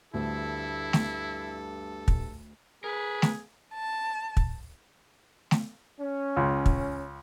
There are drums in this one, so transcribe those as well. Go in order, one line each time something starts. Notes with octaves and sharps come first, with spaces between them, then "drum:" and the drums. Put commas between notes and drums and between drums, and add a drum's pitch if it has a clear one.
D2 G2 E4 A4
drum: snare A3
drum: kick
G#4 A#4 B4
drum: snare A3
A5
drum: kick
drum: snare A3
C#4
C#2
drum: kick